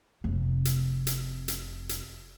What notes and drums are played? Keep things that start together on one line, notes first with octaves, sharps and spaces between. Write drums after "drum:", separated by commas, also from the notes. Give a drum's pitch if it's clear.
F1 C3
drum: hi-hat
drum: hi-hat
drum: hi-hat
drum: hi-hat